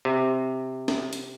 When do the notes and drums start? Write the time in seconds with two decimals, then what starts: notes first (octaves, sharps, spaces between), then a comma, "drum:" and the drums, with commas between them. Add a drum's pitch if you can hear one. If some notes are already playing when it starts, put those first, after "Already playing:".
0.05 C3
0.88 drum: snare
1.13 drum: hi-hat